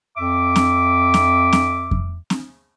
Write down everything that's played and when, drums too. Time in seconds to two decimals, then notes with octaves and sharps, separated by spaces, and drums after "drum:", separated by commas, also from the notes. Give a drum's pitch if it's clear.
0.17 F2 E5 D6
0.56 drum: snare
1.14 drum: snare
1.53 drum: snare
1.91 drum: kick F2
2.30 drum: snare